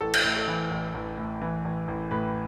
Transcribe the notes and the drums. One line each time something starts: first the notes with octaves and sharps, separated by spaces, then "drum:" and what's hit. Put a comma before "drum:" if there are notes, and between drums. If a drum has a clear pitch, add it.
A1 A4
drum: cymbal
A2
A4
E3
A1
A1
A2
E3
A1
A1
A2 B4